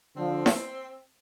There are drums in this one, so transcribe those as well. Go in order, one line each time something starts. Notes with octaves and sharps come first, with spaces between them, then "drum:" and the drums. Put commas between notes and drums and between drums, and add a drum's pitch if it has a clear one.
D3 F3 C4
drum: snare E4